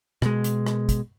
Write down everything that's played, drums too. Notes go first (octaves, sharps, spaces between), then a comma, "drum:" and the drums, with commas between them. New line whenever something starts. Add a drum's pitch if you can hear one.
B2 G#3, drum: rim click
drum: hi-hat
drum: rim click
drum: kick, hi-hat